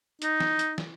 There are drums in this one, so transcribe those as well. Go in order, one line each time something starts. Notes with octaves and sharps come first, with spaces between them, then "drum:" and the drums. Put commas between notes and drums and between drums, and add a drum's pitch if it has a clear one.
D#4, drum: hi-hat
drum: snare
drum: hi-hat
drum: snare